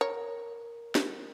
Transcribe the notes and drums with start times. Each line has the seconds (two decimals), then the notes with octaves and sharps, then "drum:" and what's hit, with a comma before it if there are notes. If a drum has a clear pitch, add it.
0.01 A#4 C#5
0.95 drum: snare